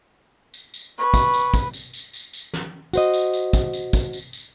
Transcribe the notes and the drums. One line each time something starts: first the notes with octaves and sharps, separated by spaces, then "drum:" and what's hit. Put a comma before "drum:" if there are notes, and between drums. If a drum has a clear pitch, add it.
drum: tambourine
drum: tambourine
B4 C#6
drum: kick, tambourine
drum: tambourine
drum: kick, tambourine
drum: tambourine
drum: tambourine
drum: tambourine
drum: tambourine
drum: snare
F#4 C5 D#5, drum: tambourine
drum: tambourine
drum: tambourine
drum: kick, tambourine
drum: tambourine
drum: kick, tambourine
drum: tambourine
drum: tambourine